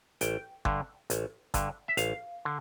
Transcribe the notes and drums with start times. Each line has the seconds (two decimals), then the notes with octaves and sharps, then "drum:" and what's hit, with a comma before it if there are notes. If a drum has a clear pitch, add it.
0.21 A1 G5, drum: hi-hat
0.65 G2 D3, drum: kick G1
1.10 A1, drum: hi-hat
1.54 G2 D3, drum: kick G1, hi-hat
1.88 E5
1.97 A1 F5, drum: hi-hat
2.45 D3